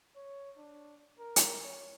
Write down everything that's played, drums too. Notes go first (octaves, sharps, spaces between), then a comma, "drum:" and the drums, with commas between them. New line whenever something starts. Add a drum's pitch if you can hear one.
C#5
D4
A#4
drum: hi-hat
C#5